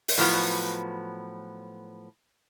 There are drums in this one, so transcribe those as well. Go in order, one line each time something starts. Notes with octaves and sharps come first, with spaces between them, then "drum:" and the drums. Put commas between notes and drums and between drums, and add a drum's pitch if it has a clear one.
drum: open hi-hat
A2 F3 F#3 B3